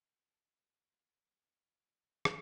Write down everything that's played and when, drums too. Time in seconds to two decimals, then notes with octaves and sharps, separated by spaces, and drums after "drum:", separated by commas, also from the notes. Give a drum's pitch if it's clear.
0.25 F#5 A5
2.25 drum: rim click